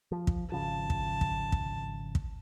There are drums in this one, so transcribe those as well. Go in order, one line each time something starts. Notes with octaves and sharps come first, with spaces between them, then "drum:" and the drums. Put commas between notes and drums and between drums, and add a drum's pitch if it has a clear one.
F3
drum: kick
G#1 C#3 F3 A5
drum: kick
drum: kick
drum: kick
drum: kick